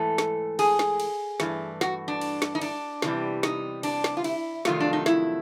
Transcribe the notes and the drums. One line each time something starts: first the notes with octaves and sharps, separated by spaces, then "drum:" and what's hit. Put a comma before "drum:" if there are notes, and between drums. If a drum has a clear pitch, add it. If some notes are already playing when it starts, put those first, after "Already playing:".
Already playing: G#2 E3 A3 A4
drum: snare
G#4, drum: cymbal
drum: snare
drum: cymbal
G2 E3 A3, drum: snare
F#4, drum: snare
D4
drum: cymbal
drum: snare
D#4
D4, drum: cymbal
E2 C3 E3 G3, drum: snare
D#4, drum: snare
D4, drum: cymbal
drum: snare
F4
E4, drum: cymbal
F2 C3 D#3 F#3 A3 F4, drum: snare
D4
D#4
E4, drum: snare